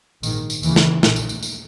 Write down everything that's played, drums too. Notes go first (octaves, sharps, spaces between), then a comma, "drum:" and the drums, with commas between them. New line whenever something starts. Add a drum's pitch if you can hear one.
A#1 G#2 D#3, drum: tambourine
drum: tambourine
D#2 C#3 E3, drum: tambourine
drum: snare
A#1 A#2, drum: snare
drum: tambourine
drum: tambourine
drum: tambourine